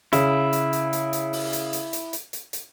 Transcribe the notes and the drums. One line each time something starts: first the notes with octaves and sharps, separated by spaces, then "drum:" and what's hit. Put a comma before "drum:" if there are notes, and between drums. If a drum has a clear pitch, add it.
C#3 E4, drum: hi-hat
drum: hi-hat
drum: hi-hat
drum: hi-hat
drum: hi-hat
drum: open hi-hat
drum: hi-hat
drum: hi-hat
drum: hi-hat
drum: hi-hat
drum: hi-hat
drum: hi-hat